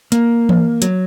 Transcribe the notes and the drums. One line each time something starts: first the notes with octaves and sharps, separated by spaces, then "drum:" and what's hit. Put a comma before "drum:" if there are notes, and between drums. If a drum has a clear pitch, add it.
A#3, drum: hi-hat
drum: tom E3
F#3, drum: hi-hat